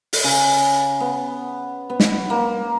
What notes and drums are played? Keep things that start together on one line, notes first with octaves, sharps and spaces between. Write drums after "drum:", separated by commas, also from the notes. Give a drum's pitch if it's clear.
drum: open hi-hat
C#3
B3
B3
drum: snare
A#3